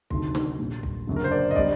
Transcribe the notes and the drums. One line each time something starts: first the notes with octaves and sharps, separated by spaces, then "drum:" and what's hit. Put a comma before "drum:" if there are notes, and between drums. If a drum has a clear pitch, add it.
D2 C3 D#3 F#3 A3 C6, drum: kick
drum: snare
A#1 A#2 G3
drum: kick
F#1 F#2 D3
A#4
C5
D5
D#5
D3 G3 D5, drum: kick